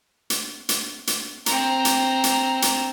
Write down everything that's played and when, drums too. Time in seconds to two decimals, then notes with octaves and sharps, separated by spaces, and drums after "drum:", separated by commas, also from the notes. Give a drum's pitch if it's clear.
0.30 drum: hi-hat
0.69 drum: hi-hat
1.07 drum: hi-hat
1.46 C4 A#5, drum: hi-hat
1.85 drum: hi-hat
2.24 drum: hi-hat
2.62 drum: hi-hat